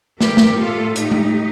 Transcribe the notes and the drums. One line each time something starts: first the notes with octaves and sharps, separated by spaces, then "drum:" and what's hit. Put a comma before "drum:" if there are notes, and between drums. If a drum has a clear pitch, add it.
A2 A3 G4 A#4, drum: snare
drum: snare
F4 A4
D#4 G4, drum: hi-hat
drum: tom G#3